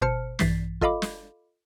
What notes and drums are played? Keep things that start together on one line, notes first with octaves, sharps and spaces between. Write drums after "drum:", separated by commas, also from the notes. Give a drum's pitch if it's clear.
G1 B2 C5 A5 F6 C#7
A#1 G2 E3 A6 B6 C7, drum: snare
F4 A4 D#5 F5 B5 D6, drum: kick
drum: snare